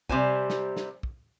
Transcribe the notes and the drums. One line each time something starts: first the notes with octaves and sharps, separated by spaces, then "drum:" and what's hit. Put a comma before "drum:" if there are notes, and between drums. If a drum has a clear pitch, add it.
C3 G3 C5 G#5, drum: kick
drum: snare
drum: snare
drum: kick